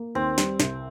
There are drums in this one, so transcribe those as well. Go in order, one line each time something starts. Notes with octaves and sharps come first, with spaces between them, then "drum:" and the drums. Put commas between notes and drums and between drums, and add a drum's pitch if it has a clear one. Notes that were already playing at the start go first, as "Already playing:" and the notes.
Already playing: A#3
D#2 C4
G3, drum: snare
C2, drum: snare